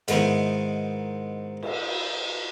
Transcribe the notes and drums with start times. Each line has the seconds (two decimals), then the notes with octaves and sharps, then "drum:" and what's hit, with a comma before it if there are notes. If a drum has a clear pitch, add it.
0.08 G#2 D#3 B3 D#4 E4, drum: hi-hat
1.63 drum: cymbal